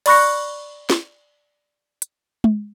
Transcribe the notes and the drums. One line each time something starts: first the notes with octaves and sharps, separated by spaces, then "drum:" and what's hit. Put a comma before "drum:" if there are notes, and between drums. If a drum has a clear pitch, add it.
D5 B5 C#6 F#6 A#6 C#7, drum: cymbal
drum: snare
drum: hi-hat
drum: tom G#3